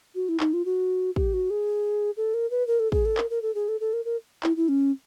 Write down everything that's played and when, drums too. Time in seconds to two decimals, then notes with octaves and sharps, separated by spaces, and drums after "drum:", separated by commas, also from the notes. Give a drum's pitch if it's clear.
0.15 F#4
0.29 E4
0.40 D#4, drum: clap
0.53 F4
0.65 F#4
1.16 G4, drum: kick
1.34 F#4
1.50 G#4
2.17 A4
2.34 A#4
2.50 B4
2.67 A#4
2.80 A4
2.92 G#4, drum: kick
3.05 A4
3.18 A#4, drum: clap
3.30 A#4
3.42 A4
3.55 G#4
3.68 A4
3.80 A4
3.93 A#4
4.05 A#4
4.43 E4, drum: clap
4.57 E4
4.69 C#4